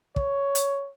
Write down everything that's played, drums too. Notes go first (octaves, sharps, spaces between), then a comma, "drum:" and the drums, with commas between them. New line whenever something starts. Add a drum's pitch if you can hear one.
C#5, drum: kick
drum: hi-hat